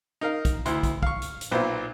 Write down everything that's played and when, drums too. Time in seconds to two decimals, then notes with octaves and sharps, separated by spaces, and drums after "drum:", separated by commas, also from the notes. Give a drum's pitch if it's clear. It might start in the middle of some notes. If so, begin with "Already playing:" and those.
0.21 D#4 A#4 F5
0.45 drum: kick, hi-hat
0.66 D2 E4 C6, drum: hi-hat
0.83 drum: kick, hi-hat
1.03 F5 C#6, drum: kick
1.22 drum: hi-hat
1.41 drum: hi-hat
1.51 B1 A#2 B3 C5